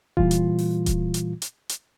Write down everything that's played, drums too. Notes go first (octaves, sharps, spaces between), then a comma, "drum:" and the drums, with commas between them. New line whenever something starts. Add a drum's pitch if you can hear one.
A#2 E3 G3 F4, drum: kick D#1
drum: hi-hat
drum: open hi-hat
drum: kick D#1, hi-hat
drum: hi-hat
drum: hi-hat
drum: hi-hat